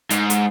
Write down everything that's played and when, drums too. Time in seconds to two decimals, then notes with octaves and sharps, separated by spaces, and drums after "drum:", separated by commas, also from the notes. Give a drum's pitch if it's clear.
0.10 G#2, drum: hi-hat
0.30 drum: hi-hat